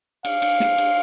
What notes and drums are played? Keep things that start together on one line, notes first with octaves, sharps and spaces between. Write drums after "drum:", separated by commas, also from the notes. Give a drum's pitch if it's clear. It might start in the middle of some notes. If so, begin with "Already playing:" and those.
F5, drum: cymbal
drum: cymbal
drum: snare
drum: cymbal